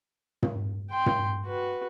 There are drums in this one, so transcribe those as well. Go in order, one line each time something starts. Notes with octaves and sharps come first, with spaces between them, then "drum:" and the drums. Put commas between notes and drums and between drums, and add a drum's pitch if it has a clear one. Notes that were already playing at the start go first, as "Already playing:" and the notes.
drum: tom
G5 C6
drum: tom
F#4 B4